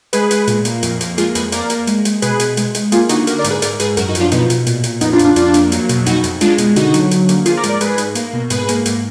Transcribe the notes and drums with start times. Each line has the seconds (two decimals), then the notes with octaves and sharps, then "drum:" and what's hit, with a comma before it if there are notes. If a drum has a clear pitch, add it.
0.13 G#3 G#4 B4, drum: hi-hat
0.31 G#3, drum: hi-hat
0.47 A#2, drum: hi-hat
0.65 A#3, drum: hi-hat
0.83 F2, drum: hi-hat
1.01 A#3, drum: hi-hat
1.18 G#3 F4 G#4, drum: hi-hat
1.35 F2 G#4 B4, drum: hi-hat
1.52 A#3 A#4 D5, drum: hi-hat
1.70 A#3, drum: hi-hat
1.87 G#3, drum: hi-hat
2.05 G#3, drum: hi-hat
2.22 B2 G#4 B4, drum: hi-hat
2.40 B2, drum: hi-hat
2.57 G#3, drum: hi-hat
2.75 G#3, drum: hi-hat
2.92 A#3 F4 G#4, drum: hi-hat
3.09 D3 D#4 F#4, drum: hi-hat
3.27 A#3 F#4 A#4, drum: hi-hat
3.38 A#4 D5
3.44 G#2, drum: hi-hat
3.50 G#4 B4
3.62 G#2 A#4 D5, drum: hi-hat
3.80 G#2 G#4 B4, drum: hi-hat
3.97 F#2 F#4 A#4, drum: hi-hat
4.08 D#4 F#4
4.15 F3, drum: hi-hat
4.20 D4 F4
4.32 B2 B3 D#4, drum: hi-hat
4.50 B2, drum: hi-hat
4.67 A#2, drum: hi-hat
4.84 A#2, drum: hi-hat
5.01 F2 B3 D#4, drum: hi-hat
5.13 D4 F4
5.19 F2, drum: hi-hat
5.25 D4 F4
5.36 F2 D4 F4, drum: hi-hat
5.54 A#3, drum: hi-hat
5.72 F#3, drum: hi-hat
5.89 B2, drum: hi-hat
6.06 F2 D#4 F#4, drum: hi-hat
6.24 F2, drum: hi-hat
6.41 G#3 D4 F4, drum: hi-hat
6.58 B2, drum: hi-hat
6.76 D3 D#4 F#4, drum: hi-hat
6.94 F#3, drum: hi-hat
7.11 D3, drum: hi-hat
7.29 A#3, drum: hi-hat
7.46 F3 F4 G#4, drum: hi-hat
7.57 A#4 D5
7.63 G#2, drum: hi-hat
7.69 A#4 D5
7.81 G#2 G#4 B4, drum: hi-hat
7.98 G#2, drum: hi-hat
8.15 A#3, drum: hi-hat
8.34 B2
8.50 G#2 G#4 B4, drum: hi-hat
8.69 A#3, drum: hi-hat
8.86 G#2, drum: hi-hat